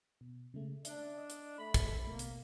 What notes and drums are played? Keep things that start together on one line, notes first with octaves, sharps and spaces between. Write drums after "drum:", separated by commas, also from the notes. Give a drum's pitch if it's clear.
B2
C#3 G#3 A3
D4 E5, drum: hi-hat
D#5
drum: hi-hat
A3 B5
drum: kick, hi-hat
B2 A3 A#3
drum: hi-hat